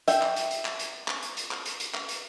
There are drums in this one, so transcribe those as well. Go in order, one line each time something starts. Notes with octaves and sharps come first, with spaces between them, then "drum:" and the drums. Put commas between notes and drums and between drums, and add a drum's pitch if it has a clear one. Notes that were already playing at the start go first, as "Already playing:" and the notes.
E5 G5, drum: hi-hat
drum: clap
drum: hi-hat
drum: hi-hat
drum: clap
drum: hi-hat
drum: clap
drum: hi-hat
drum: hi-hat
drum: clap
drum: hi-hat
drum: hi-hat
drum: clap
drum: hi-hat